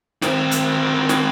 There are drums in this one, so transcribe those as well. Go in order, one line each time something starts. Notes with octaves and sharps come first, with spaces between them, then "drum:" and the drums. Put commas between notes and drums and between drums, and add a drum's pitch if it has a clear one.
D#3 C4, drum: snare
drum: hi-hat
drum: snare